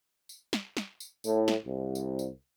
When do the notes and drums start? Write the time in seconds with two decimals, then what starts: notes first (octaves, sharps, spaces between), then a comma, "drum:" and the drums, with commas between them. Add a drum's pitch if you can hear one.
0.29 drum: tambourine
0.53 drum: snare
0.77 drum: snare
1.00 drum: tambourine
1.24 A2, drum: tambourine
1.48 drum: snare
1.65 C2
1.95 drum: tambourine
2.19 drum: tambourine